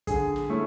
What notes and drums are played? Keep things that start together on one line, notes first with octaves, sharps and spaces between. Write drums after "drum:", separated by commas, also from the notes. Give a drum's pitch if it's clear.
D3 G#4, drum: kick, hi-hat
drum: snare
A3 C#4 E4